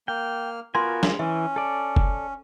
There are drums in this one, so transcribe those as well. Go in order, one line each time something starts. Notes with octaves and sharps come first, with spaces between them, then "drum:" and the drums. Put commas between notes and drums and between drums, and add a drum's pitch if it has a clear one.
A#3 G5 F6
B3 F4 F#4 A#4 G#5 C6
drum: snare
E3 C#4 E5
A4 D5
drum: kick F#1